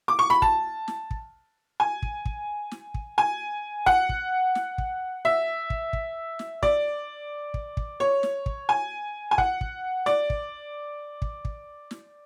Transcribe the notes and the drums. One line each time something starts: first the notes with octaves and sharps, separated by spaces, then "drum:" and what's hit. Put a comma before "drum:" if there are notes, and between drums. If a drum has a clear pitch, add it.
D6
C#6
B5
A5, drum: kick
drum: snare
drum: kick
G#5
drum: kick
drum: kick
drum: snare
drum: kick
G#5
F#5, drum: kick
drum: kick
drum: snare
drum: kick
E5
drum: kick
drum: kick
drum: snare
D5, drum: kick
drum: kick
drum: kick
C#5
drum: snare
drum: kick
G#5
G#5
F#5, drum: kick
drum: kick
D5, drum: snare
drum: kick
drum: kick
drum: kick
drum: snare